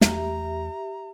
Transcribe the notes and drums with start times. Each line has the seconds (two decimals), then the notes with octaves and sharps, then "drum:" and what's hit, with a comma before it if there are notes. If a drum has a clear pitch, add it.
0.01 E2 A3 G4 E5 A#5, drum: snare